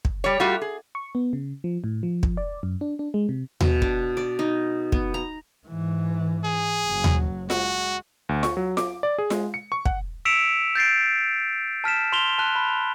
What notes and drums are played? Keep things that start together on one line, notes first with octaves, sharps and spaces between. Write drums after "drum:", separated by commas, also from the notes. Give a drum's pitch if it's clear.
drum: kick
G3 C#5
G3 A3 F4 F#4
G#4
C#6
B3
C#3
F3
A2
F3
drum: kick
D5
F#2
D4
D4
G#3
C3
B2, drum: tom D#2
D4, drum: kick
D5
D#4
B3, drum: kick
A#5
G#2 E3
G#4
F#1 F#3
drum: tom D#2
G#3 F#4, drum: snare F4
D2
C#6, drum: snare F4
F#3
D6, drum: snare F4
D5
G#4
G#3, drum: snare F4
C#7
C#6
F#5, drum: kick
E6 B6 C#7 D7 E7 F7
G6 A6 C7 D7
A5 F6 B6 E7
C6 F7 G7
A5 F#6
B5